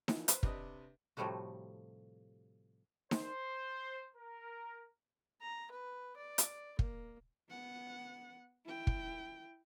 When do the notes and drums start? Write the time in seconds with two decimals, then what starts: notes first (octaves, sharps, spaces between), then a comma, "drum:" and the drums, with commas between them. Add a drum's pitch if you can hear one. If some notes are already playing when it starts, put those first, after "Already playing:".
0.08 E3 F3, drum: snare D#4
0.28 B4 C5, drum: hi-hat
0.43 C3 D4 B4 D#5, drum: kick
1.17 A2 C3 F3 G3 A3 F#4
3.11 C5, drum: snare D#4
4.16 A#4
5.41 A#5
5.71 B4
6.17 D5
6.38 drum: hi-hat
6.79 A#3, drum: kick
7.49 B3 F#5
8.65 E4 G5
8.87 drum: kick